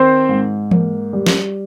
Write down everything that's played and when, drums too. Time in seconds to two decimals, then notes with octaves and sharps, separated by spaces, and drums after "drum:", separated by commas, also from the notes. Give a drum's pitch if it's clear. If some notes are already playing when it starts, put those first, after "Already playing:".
Already playing: D#3 C4 C5
0.29 G#2
0.71 A#3, drum: tom E3
1.13 G3
1.26 drum: snare